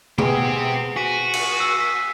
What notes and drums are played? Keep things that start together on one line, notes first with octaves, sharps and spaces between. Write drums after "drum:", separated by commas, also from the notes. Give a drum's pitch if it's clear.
B3 C4 G4 G#4, drum: tom B2
F#4 G#5 B6 D#7
drum: cymbal
E6 C7
B6